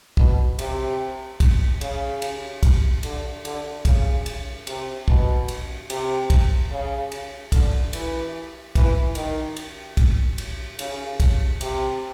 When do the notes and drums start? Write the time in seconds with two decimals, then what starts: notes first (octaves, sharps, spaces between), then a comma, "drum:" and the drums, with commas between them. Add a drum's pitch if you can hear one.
0.17 B2, drum: kick
0.59 C3, drum: cymbal
1.40 drum: kick, cymbal
1.81 C#3, drum: cymbal
2.22 drum: cymbal
2.63 drum: kick, cymbal
3.03 D3, drum: cymbal
3.45 D3, drum: cymbal
3.85 C#3, drum: kick, cymbal
4.26 drum: cymbal
4.67 C3, drum: cymbal
5.08 B2, drum: kick
5.48 drum: cymbal
5.90 C3, drum: cymbal
6.30 drum: kick, cymbal
6.71 C#3
7.12 drum: cymbal
7.52 D3, drum: kick, cymbal
7.93 E3, drum: cymbal
8.75 E3, drum: kick, cymbal
9.15 D#3, drum: cymbal
9.56 drum: cymbal
9.97 drum: kick, cymbal
10.38 drum: cymbal
10.79 C#3, drum: cymbal
11.20 drum: kick, cymbal
11.61 C3, drum: cymbal